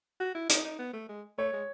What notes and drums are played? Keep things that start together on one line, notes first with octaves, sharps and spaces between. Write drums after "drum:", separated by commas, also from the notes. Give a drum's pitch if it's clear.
F#4
E4
D#4, drum: hi-hat
D#4
B3
A3
G#3
A3 C#5
G#3